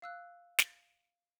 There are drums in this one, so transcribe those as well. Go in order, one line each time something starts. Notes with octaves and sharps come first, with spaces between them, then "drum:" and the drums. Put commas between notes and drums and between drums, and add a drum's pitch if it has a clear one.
F5 E6 F#6
drum: snare